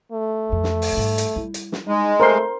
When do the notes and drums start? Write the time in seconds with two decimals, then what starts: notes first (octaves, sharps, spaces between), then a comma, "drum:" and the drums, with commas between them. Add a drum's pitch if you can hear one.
0.12 A3
0.50 F2 E3
0.64 drum: snare
0.82 drum: open hi-hat
0.93 G#2 G3
1.18 drum: hi-hat
1.36 G3 E4
1.54 drum: hi-hat
1.72 drum: snare
1.87 G#3 D#4
2.20 A3 A#4 C5 C6